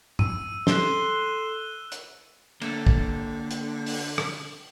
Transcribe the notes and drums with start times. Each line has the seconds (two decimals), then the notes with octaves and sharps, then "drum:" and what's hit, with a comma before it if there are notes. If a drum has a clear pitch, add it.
0.19 E6 D#7, drum: tom
0.67 A4 C6 F#6 E7 G7, drum: snare
1.92 drum: hi-hat
2.62 D3 A#3 A4, drum: cymbal
2.87 drum: kick
3.51 drum: hi-hat
3.86 drum: open hi-hat
4.18 drum: rim click